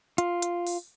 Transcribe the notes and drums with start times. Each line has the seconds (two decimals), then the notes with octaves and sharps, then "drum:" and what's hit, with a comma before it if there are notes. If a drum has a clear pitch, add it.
0.18 F4, drum: hi-hat
0.42 drum: hi-hat
0.67 drum: open hi-hat